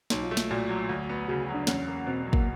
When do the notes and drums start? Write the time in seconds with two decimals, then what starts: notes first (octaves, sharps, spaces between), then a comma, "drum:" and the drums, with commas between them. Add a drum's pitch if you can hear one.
0.10 B1 D#4, drum: snare
0.23 F4
0.31 A3
0.37 F4, drum: snare
0.51 A#2 F#4
0.69 F#3
0.89 D2
1.09 B3
1.28 C#3 F#4
1.49 F#3
1.54 D4
1.67 E2 C#4, drum: snare
1.87 A#3
2.07 B2 C4
2.27 F#3
2.33 A#3, drum: kick